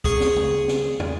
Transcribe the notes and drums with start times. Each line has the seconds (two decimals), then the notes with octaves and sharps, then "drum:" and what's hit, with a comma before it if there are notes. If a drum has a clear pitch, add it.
0.05 G#4 C#6, drum: kick
0.20 drum: snare
0.36 drum: tom C#3
0.68 drum: snare
1.00 drum: tom